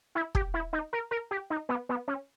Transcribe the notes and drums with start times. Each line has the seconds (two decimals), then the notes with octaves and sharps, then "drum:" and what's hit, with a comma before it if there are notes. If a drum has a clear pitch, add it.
0.15 E4
0.35 G4, drum: kick
0.54 E4
0.73 D#4
0.93 A#4
1.11 A#4
1.31 G4
1.50 D#4
1.69 B3
1.89 B3
2.08 C#4